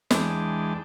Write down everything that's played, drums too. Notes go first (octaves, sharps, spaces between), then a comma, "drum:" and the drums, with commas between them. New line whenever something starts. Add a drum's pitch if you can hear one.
E2 G#3 D4 G5 A5, drum: snare